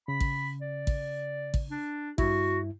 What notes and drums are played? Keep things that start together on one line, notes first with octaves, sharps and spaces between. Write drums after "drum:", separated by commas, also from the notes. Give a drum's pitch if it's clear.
C#3 B5
drum: kick A1
D5
drum: kick A1
drum: kick A1
D4
G2 E4 F#4, drum: kick A1